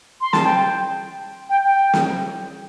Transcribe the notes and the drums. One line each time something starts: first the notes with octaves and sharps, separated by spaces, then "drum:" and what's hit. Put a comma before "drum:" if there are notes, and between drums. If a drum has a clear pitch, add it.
C6
A5, drum: snare
G5
G5
G5
drum: snare